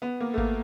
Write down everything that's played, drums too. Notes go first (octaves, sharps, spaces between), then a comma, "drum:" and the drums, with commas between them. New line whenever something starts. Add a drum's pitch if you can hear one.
B3
A#3
A3
A#3, drum: kick G#1